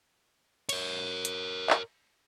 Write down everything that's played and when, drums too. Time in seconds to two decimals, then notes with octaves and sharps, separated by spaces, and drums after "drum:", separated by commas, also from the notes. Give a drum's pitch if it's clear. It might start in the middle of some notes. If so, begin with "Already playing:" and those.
0.69 A#4 C#5, drum: cymbal
1.25 drum: hi-hat
1.70 drum: clap